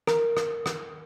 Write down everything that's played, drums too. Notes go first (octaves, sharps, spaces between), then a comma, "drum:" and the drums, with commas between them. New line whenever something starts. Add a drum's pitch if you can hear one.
A#4, drum: rim click
drum: rim click
drum: rim click